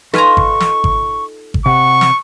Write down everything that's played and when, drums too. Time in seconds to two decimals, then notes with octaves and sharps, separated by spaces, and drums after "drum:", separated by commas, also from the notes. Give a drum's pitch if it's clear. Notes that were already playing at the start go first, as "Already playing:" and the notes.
0.14 D#4 F4 A4 B4 G#5 A#5 C#6, drum: snare
0.37 drum: kick G#1
0.60 drum: snare
0.84 drum: kick G#1
1.54 drum: kick G#1
1.66 C3 F#5 C#6
2.01 drum: snare